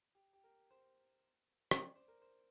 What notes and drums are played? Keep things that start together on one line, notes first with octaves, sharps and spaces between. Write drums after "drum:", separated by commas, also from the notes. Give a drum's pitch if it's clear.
G4
G4
A#4
C5
drum: rim click
D5
C5
A#4
C5